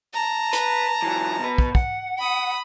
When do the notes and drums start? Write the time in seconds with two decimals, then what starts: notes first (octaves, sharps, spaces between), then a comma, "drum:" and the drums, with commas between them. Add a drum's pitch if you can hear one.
0.13 A5 A#5
0.53 B4, drum: hi-hat
1.02 E3 F#3
1.39 B2 B4
1.58 drum: kick
1.75 F#5, drum: kick
2.18 B5 D#6